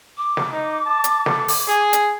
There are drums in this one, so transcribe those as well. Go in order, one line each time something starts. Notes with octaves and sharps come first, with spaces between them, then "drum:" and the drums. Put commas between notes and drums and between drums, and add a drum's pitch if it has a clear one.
D6
drum: snare
D#4
A5
drum: hi-hat
A4, drum: snare
drum: open hi-hat
G#4
drum: hi-hat